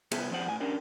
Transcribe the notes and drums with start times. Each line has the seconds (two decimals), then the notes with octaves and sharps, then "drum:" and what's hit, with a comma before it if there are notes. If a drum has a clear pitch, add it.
0.12 C2 B3 F4 G#4 E5, drum: cymbal
0.31 F3 C4 G#4 C5 D5 F#5
0.48 A2 G#5
0.60 C#4 D4 G4 A#4 D5